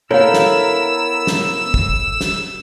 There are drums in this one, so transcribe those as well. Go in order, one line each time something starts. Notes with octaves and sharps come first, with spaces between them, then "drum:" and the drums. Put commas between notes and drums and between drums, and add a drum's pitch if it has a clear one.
B3 E4 A4 A#4 C#5 F5 E6
drum: snare
drum: snare
drum: kick
drum: snare